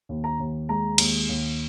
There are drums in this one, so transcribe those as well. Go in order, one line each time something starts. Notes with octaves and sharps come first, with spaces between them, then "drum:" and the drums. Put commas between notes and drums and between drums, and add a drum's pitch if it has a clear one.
D#2
A#5
D#2
G#3 A#5
D#2, drum: cymbal
D#2